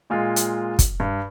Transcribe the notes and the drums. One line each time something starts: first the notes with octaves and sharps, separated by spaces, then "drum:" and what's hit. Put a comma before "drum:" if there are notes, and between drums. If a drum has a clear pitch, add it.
A#2 G#3 F4
drum: hi-hat
drum: kick, hi-hat
G2